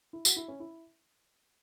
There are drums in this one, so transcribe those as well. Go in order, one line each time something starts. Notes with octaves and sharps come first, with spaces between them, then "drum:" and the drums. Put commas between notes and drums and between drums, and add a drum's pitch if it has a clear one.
E4
F#4, drum: tambourine
E4
C#4
E4